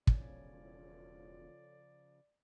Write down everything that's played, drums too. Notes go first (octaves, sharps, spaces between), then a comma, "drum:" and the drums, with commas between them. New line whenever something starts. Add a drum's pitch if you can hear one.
E1 C#3 F3 F4 A4 C#5 D5 G#5, drum: kick